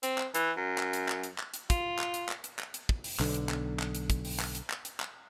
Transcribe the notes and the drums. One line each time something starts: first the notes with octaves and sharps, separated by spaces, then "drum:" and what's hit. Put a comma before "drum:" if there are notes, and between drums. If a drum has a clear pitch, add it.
C4, drum: hi-hat
drum: clap
E3, drum: hi-hat
F#2
drum: clap
drum: hi-hat
drum: clap
drum: hi-hat
drum: clap
drum: hi-hat
F4, drum: kick, hi-hat
drum: clap
drum: hi-hat
drum: clap
drum: hi-hat
drum: clap
drum: hi-hat
drum: kick
drum: open hi-hat
B1 D3, drum: clap
drum: hi-hat
drum: clap
drum: clap
drum: hi-hat
drum: kick, hi-hat
drum: open hi-hat
drum: clap
drum: hi-hat
drum: clap
drum: hi-hat
drum: clap